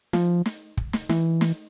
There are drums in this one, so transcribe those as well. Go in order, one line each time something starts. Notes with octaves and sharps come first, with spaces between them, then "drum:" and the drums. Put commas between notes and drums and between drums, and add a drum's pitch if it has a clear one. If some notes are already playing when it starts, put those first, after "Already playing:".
F3, drum: snare
drum: snare
drum: kick
drum: snare
E3, drum: snare
drum: snare